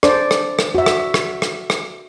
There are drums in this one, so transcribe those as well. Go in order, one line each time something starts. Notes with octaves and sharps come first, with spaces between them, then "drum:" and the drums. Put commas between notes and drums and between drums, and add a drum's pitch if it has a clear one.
D4 C5 D5, drum: rim click
drum: rim click
drum: rim click
F#4 E5
drum: rim click
drum: rim click
drum: rim click
drum: rim click